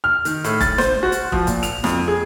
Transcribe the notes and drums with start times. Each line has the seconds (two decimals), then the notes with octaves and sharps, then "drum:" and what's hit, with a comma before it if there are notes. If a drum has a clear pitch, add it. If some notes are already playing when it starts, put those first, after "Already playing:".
0.04 F6
0.25 D#3, drum: hi-hat
0.44 A2, drum: hi-hat
0.61 A6, drum: kick F1, hi-hat
0.78 C5, drum: snare
1.03 F#4
1.12 drum: hi-hat
1.32 F3, drum: kick F1
1.47 A#2, drum: hi-hat
1.63 F7, drum: hi-hat
1.84 F2, drum: snare
2.08 G#4